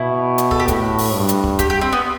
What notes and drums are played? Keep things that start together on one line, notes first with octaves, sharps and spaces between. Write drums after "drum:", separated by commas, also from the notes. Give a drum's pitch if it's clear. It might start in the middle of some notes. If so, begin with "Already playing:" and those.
Already playing: B2 E4
drum: hi-hat
A4, drum: kick
G4
A2 F#4, drum: kick, hi-hat
drum: open hi-hat
G2
drum: hi-hat
drum: kick
G4, drum: kick, hi-hat
G4
C4
B3